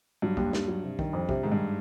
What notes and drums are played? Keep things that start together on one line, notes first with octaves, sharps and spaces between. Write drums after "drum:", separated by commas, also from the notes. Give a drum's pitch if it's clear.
G2 F#3
D#2, drum: kick
D#2, drum: snare
F#3
C3
D#3, drum: kick
F2
C3, drum: kick
G#2 D#3
G2